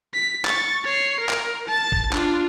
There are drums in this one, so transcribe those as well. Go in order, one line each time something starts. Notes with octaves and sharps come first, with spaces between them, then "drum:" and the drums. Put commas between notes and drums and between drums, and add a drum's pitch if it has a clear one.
B6
C#6 A6, drum: clap
C#5 C7
A#4
drum: clap
A5 A6
drum: kick
D4 F4, drum: clap